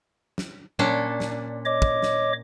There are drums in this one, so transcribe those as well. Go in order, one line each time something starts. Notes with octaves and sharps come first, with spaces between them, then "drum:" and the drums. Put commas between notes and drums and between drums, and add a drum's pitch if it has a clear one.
drum: snare
A#2 C#4 D4, drum: tom F#3
drum: snare
C#5 D#5 D6
drum: kick
drum: snare